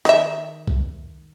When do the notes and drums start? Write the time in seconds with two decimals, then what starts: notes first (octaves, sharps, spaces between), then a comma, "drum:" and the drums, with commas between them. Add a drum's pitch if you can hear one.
0.05 D#3 E5, drum: snare
0.67 drum: kick C2